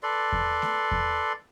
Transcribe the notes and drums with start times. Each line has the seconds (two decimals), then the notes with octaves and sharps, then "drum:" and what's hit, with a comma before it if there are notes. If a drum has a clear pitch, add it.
0.03 A4 B4 D5 C6
0.32 drum: kick E2
0.62 drum: snare A3
0.91 drum: kick E2